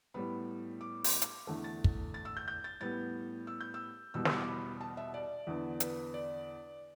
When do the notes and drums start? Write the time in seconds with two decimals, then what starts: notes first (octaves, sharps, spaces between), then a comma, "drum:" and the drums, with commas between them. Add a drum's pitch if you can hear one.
0.14 A2 G3 B3 B5
0.81 D6
1.04 drum: open hi-hat
1.22 drum: hi-hat
1.47 E2 D3 A3
1.64 A6
1.84 drum: kick
2.14 A6
2.25 E6
2.37 G6
2.48 G6
2.64 A6
2.81 A2 G3 B3 A6
3.47 E6
3.61 G6
3.74 E6
4.14 E2 B2 G3 B3 E6
4.25 E6, drum: snare
4.36 D6
4.48 B5
4.81 A5
4.97 E5
5.14 D5
5.47 E2 D3 B3
5.80 B4, drum: hi-hat
6.14 D5